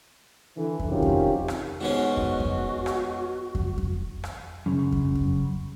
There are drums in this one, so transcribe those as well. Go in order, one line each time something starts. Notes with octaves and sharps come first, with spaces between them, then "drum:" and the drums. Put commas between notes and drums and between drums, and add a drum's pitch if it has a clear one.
D3 E3
drum: kick
C3 D#3 F#3 C#4 F4 G4
drum: kick
drum: rim click
G#2 B2 C#4 F#4
drum: kick
drum: kick
drum: rim click
drum: kick
drum: kick
drum: rim click
F#2 C#3
drum: kick
drum: kick